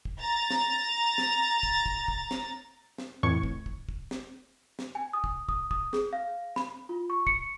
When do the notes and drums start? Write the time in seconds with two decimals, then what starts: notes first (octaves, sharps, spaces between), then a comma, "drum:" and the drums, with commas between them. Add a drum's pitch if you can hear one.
0.05 drum: kick
0.20 A#5 A6
0.51 drum: snare
1.18 drum: snare
1.63 drum: kick
1.86 drum: kick
2.08 drum: kick
2.31 drum: snare
2.98 drum: snare
3.23 F2 A2 E3 C#6 G#6 C#7
3.44 drum: kick
3.66 drum: kick
3.89 drum: kick
4.11 drum: snare
4.79 drum: snare
4.95 G#5
5.13 D#6
5.24 drum: kick
5.49 D#6, drum: kick
5.71 D#6, drum: kick
5.93 G#4, drum: snare
6.13 F5
6.56 B5, drum: snare
6.89 F4
7.10 C#6
7.27 C#7, drum: kick